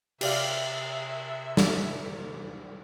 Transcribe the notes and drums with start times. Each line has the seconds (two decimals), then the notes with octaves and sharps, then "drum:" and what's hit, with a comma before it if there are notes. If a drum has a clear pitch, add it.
0.21 C3 G4 D5 E5 F5, drum: cymbal
1.57 drum: snare